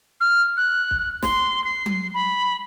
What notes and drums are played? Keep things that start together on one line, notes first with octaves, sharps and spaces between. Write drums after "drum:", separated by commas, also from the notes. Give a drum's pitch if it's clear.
F6
F#6
drum: kick
C6, drum: snare
C7
drum: tom F#3
B5